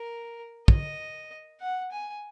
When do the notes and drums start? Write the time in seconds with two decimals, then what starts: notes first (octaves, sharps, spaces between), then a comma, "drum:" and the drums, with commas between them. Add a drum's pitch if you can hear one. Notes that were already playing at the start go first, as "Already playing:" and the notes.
Already playing: A#4
0.68 D#5, drum: kick
1.60 F#5
1.91 G#5